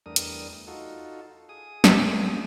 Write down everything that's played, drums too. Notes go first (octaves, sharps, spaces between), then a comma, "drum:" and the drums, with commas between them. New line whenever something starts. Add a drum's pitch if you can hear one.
E2 G3 A3 D4 A#4 D#6
drum: hi-hat
D#4 F4 F#4 A4
G#4 D#6
drum: snare